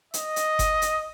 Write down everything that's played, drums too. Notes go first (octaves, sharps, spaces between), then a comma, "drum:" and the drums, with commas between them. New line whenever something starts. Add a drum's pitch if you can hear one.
D#5, drum: hi-hat
drum: hi-hat
drum: kick F#1, hi-hat
drum: hi-hat